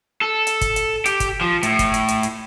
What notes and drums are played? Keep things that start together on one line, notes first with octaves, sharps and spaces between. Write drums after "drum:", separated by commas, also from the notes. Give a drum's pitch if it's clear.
A4
drum: hi-hat
drum: kick, hi-hat
drum: hi-hat
G4, drum: hi-hat
drum: kick, hi-hat
F3
A2, drum: hi-hat
drum: kick, hi-hat
drum: hi-hat
drum: hi-hat
drum: hi-hat